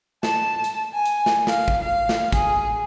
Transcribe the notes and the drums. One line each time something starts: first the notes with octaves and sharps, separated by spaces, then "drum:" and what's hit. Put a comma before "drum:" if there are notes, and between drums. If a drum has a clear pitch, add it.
A5, drum: snare
drum: hi-hat
G#5
drum: hi-hat
drum: snare
F5, drum: snare
drum: kick
F5
drum: snare
G#4, drum: kick, hi-hat